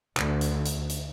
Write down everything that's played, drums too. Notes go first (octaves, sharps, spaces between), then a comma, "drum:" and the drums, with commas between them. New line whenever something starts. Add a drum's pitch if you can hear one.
D2, drum: clap
drum: hi-hat
drum: hi-hat
drum: hi-hat